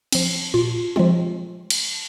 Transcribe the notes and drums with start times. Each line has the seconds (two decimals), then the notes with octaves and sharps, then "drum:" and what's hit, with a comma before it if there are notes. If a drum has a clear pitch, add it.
0.12 F3 C4, drum: cymbal
0.54 A#2 F4
0.96 F3 G#3 C4 F4
1.70 drum: cymbal